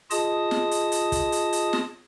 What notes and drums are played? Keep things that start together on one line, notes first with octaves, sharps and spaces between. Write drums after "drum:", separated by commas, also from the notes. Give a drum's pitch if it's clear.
F4 G#4 D#5 A5 D#6, drum: hi-hat
drum: snare
drum: hi-hat
drum: hi-hat
drum: kick, hi-hat
drum: hi-hat
drum: hi-hat
drum: snare